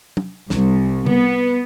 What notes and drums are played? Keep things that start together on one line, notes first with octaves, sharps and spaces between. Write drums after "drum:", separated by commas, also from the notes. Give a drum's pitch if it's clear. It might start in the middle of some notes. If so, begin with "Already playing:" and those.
drum: tom
C2, drum: snare
B3, drum: tom C#3